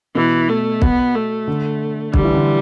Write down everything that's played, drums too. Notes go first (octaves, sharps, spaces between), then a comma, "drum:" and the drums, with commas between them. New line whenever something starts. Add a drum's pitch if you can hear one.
B2 E3
A3
B3, drum: kick B1
A3
D3
D3 G3, drum: kick B1
E3
D3